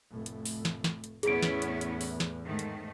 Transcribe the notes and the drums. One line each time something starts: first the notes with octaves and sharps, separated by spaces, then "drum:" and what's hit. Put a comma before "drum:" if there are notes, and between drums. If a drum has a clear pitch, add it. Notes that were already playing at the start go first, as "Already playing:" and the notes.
F1 A2
drum: hi-hat
drum: open hi-hat
drum: snare
drum: snare
drum: hi-hat
E2 A2 B3 C#4 E4 G#4 D7, drum: hi-hat
drum: snare
drum: hi-hat
drum: hi-hat
drum: open hi-hat
drum: snare
G#2 D#3 A3
drum: hi-hat